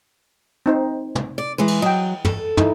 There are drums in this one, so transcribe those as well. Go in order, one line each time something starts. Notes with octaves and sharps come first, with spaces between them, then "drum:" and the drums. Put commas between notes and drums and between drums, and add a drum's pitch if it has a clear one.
C4 D#4 C5
drum: tom
D5
E3 G#3 B4
drum: cymbal
F#3 D#5 G5
A4, drum: tom
D#4 E4, drum: tom